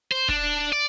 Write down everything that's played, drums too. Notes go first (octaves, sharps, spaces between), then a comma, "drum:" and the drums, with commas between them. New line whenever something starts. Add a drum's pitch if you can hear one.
C5
D4, drum: kick
D5